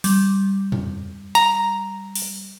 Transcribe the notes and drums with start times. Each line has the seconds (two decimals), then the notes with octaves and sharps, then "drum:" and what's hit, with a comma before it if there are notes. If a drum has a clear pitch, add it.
0.04 G3, drum: open hi-hat
0.72 drum: tom
1.35 A#5, drum: hi-hat
2.15 drum: open hi-hat